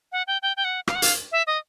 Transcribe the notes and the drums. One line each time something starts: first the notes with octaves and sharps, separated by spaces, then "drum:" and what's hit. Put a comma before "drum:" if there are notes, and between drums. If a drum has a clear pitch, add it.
F#5
G5
G5
G5
F#5
F5, drum: rim click
F#5
F5, drum: hi-hat
E5
D#5